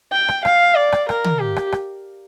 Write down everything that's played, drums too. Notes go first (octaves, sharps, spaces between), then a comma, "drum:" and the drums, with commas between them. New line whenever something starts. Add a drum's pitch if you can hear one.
G5
drum: rim click
F5, drum: rim click
D5
drum: rim click
A#4, drum: rim click
drum: tom
G4
drum: rim click
drum: rim click